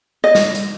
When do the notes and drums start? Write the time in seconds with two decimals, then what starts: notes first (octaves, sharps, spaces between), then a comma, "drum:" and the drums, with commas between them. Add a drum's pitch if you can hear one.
0.24 D#5
0.35 drum: snare
0.55 drum: hi-hat